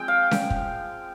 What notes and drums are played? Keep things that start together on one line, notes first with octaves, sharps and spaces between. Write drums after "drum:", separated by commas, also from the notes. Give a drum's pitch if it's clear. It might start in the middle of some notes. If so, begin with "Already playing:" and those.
Already playing: F3 G#3 C4 G5
F5
drum: snare C#4
drum: kick